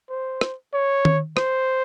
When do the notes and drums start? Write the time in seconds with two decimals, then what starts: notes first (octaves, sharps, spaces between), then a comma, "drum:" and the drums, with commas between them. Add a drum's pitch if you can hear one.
0.10 C5
0.41 drum: rim click
0.73 C#5
1.05 drum: tom D#3
1.37 C5, drum: rim click